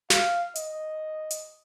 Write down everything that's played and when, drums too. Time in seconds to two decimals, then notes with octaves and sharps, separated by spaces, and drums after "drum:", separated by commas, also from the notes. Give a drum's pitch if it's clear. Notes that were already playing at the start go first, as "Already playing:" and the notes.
0.10 F5, drum: snare
0.55 D#5, drum: hi-hat
1.31 drum: hi-hat